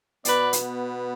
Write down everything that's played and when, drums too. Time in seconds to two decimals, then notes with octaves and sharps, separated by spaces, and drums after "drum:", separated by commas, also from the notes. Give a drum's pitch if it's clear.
0.25 B2 B3 B4 D5, drum: hi-hat
0.53 drum: hi-hat